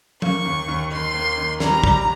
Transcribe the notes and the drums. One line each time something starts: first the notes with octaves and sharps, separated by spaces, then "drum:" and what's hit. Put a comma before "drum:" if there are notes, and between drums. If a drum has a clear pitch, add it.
A#3 C#6, drum: tom F3
D#2
D#2
D#3 C6
A#3
D#3
G3 A#5, drum: snare
G3, drum: kick